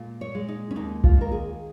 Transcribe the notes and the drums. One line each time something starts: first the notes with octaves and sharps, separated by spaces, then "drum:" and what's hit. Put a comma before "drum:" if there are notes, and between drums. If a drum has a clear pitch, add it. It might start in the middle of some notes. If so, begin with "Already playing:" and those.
Already playing: A#2 G#3
C#5
G#3
D#4
C#4
D#2 D#4
F4, drum: kick B1
D#3 A#4
G#4